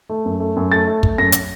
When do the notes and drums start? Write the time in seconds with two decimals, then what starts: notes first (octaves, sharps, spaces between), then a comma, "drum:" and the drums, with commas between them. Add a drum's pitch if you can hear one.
0.09 A3
0.26 F#2
0.40 A3
0.56 F#2
0.72 A3 A6
0.87 A3
1.03 A3, drum: kick
1.18 F#2 A#6
1.32 drum: hi-hat